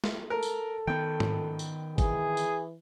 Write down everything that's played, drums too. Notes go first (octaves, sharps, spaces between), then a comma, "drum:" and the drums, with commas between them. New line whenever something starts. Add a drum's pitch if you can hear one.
drum: snare
A4 A#4
drum: tambourine
D#3 B3 G5
drum: tom G#2
drum: tambourine
E3 G#4, drum: kick, tambourine
drum: tambourine